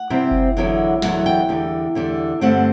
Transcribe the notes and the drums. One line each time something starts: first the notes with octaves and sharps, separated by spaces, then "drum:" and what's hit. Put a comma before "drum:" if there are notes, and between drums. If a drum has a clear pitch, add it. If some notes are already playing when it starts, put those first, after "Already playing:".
Already playing: F#5
C3 G3 C4 E4
drum: kick F#1
E2 D3 F#3 B3 E4
E2 D3 F#3 B3 E4 F#5, drum: snare
G5
E2 D3 G3
E2 D3 G3
G2 D3 A3 C4 F#5